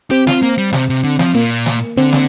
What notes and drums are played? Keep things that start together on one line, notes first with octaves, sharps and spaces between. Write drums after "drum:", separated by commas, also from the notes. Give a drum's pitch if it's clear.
C4 G4
F4, drum: snare
A#3
G3
C3, drum: snare
C3
D3
F3, drum: snare
A#2 A#3
drum: snare
D3 C4
drum: snare